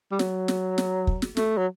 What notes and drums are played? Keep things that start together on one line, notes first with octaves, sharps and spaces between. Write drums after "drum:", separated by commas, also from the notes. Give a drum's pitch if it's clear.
G3
F#3, drum: snare
drum: snare
drum: snare
drum: kick
drum: snare
A3, drum: snare
F#3